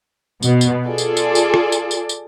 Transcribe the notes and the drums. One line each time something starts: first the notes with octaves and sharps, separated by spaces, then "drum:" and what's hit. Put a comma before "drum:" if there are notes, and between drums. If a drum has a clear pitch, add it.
B2 B3, drum: tambourine
drum: tambourine
F4 G#4 A4 D5
drum: tambourine
drum: tambourine
drum: tambourine
drum: rim click
drum: tambourine
drum: tambourine
drum: tambourine